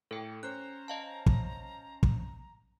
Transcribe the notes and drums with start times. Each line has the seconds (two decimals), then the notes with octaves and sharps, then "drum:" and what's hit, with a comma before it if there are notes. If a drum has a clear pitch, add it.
0.11 A2 A4 G5 C#7
0.43 C#4 C5 A#5 F#6
0.88 D#5 F5 A5
1.26 drum: kick
2.03 drum: kick